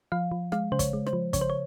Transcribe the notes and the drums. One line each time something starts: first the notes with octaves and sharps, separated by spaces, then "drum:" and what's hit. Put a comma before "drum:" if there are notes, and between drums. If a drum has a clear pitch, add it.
F3 F5
F3
G#3 F5, drum: rim click
C#3 C5
C#5, drum: kick, hi-hat
G#3
C5, drum: rim click
F3
C#3 C#5, drum: kick, hi-hat
C5
C#5